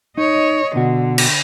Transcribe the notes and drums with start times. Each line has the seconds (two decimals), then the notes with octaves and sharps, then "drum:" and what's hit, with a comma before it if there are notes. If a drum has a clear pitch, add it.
0.18 D#4 C#5 D#5
0.76 B2 D3 F#4
1.18 drum: cymbal